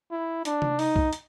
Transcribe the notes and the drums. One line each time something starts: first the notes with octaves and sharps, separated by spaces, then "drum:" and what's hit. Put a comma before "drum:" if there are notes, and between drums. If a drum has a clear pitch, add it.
E4
D4, drum: hi-hat
drum: tom C3
D#4, drum: open hi-hat
drum: kick C2
drum: hi-hat